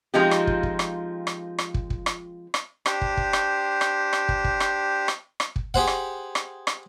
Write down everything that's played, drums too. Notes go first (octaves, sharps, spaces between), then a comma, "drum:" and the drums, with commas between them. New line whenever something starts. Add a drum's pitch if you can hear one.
F3 G#3 C4 D#4 F4 G4
drum: rim click
drum: kick
drum: kick
drum: rim click
drum: rim click
drum: rim click
drum: kick
drum: kick
drum: rim click
drum: rim click
D4 G4 C5, drum: rim click
drum: kick
drum: kick
drum: rim click
drum: rim click
drum: rim click
drum: kick
drum: kick
drum: rim click
drum: rim click
drum: rim click
drum: kick
G4 G#4 C5 F#5, drum: kick
drum: rim click
drum: rim click
drum: rim click